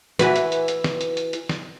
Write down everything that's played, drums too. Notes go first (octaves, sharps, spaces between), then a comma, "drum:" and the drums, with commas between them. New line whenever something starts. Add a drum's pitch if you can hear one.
E3 F#4 B4, drum: snare
drum: hi-hat
drum: hi-hat
drum: hi-hat
drum: snare
drum: hi-hat
drum: hi-hat
drum: hi-hat
drum: snare